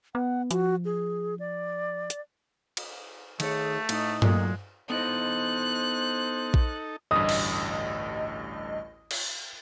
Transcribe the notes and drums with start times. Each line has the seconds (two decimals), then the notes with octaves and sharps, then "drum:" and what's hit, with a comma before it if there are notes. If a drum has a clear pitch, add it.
0.15 B3 F#5
0.51 F3 F#4, drum: hi-hat
0.85 G#4
1.39 D5
2.10 drum: hi-hat
2.77 drum: cymbal
3.40 D#3 A3 G#4 C#5, drum: cymbal
3.89 A2 D#4, drum: cymbal
4.22 A#2 F#3 G#3 A3, drum: tom G2
4.90 B3 D#4 E4 A4 C5 D#5 F#6
6.54 drum: kick A#1
7.11 A1 D2 G2 D#5 D#6
7.29 drum: cymbal
9.11 drum: cymbal